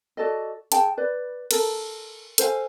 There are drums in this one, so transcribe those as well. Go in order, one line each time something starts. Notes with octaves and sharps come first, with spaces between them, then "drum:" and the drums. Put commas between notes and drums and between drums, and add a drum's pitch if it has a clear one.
F#4 A4 D5 D#5
G#4 G5 A5, drum: hi-hat
B4 D5
A4 A#4, drum: cymbal
A4 C5 F5 G#5, drum: hi-hat